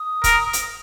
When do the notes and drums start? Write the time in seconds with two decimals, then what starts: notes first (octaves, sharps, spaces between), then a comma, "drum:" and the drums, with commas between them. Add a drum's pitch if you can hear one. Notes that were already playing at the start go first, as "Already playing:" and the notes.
Already playing: D#6
0.24 A#4, drum: kick, hi-hat
0.53 drum: hi-hat